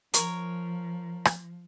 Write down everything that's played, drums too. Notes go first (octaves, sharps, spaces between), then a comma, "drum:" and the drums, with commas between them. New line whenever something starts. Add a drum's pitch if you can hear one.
F3 A#4 C#5, drum: hi-hat
drum: rim click